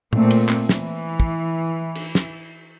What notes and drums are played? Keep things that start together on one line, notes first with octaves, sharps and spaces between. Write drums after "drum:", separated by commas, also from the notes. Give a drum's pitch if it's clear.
A#2 A3 C4, drum: tom A2
drum: cymbal
drum: clap
E3, drum: snare
drum: kick
drum: cymbal
drum: snare